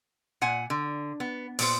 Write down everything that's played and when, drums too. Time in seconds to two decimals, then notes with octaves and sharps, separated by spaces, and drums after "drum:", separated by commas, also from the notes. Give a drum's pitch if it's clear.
0.41 A#2 F#5 G#5
0.70 D3
1.20 B3
1.59 A#2 B3 C5, drum: open hi-hat